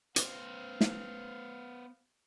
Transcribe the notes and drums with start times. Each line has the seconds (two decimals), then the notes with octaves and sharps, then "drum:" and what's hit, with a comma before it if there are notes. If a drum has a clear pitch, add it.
0.16 B3 C5 F5, drum: hi-hat
0.81 drum: snare